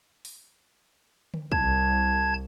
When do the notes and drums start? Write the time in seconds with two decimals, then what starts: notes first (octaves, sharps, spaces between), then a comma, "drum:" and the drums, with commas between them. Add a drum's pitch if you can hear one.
0.25 drum: open hi-hat
1.34 drum: tom D3
1.52 C2 A5 G#6, drum: kick